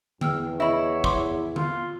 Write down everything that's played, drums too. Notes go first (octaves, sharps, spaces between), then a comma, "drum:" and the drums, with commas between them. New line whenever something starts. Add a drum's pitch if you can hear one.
E2 G5 E6 F6, drum: tom D3
E4 C#5 D#5 B5
C6 D6, drum: kick
F4, drum: tom D3